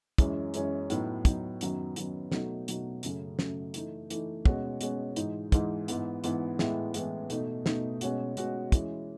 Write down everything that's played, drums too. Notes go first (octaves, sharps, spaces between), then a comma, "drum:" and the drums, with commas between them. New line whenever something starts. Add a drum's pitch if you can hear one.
F#2 E3 G#3 C#4, drum: kick, hi-hat
F#2 E3 G#3 C#4, drum: hi-hat
A2 F#3 B3 D#4, drum: hi-hat
A2 F#3 B3 D#4, drum: kick, hi-hat
F#2 D#3 F#3 B3, drum: hi-hat
F#2 D#3 F#3 B3, drum: hi-hat
B2 F#3 A3 D#4 F#4, drum: snare
B2 F#3 A3 D#4 F#4, drum: hi-hat
F#2 C#3 F#3 A3, drum: hi-hat
F#2 C#3 F#3 A3, drum: snare
E3 A3 D#4, drum: hi-hat
E3 A3 D#4, drum: hi-hat
B2 G#3 C#4 F#4, drum: kick
B2 G#3 C#4 F#4, drum: hi-hat
G#2 E3 G#3 D#4, drum: hi-hat
G#2 E3 G#3 D#4, drum: kick, hi-hat
G#2 E3 B3, drum: hi-hat
G#2 E3 B3, drum: hi-hat
A2 E3 G#3 B3 E4, drum: snare
A2 E3 G#3 B3 E4, drum: hi-hat
B2 A3 D#4, drum: hi-hat
B2 A3 D#4, drum: snare
B2 G#3 C#4 F#4, drum: hi-hat
B2 G#3 C#4 F#4, drum: hi-hat
E3 G#3 C#4 E4, drum: kick, hi-hat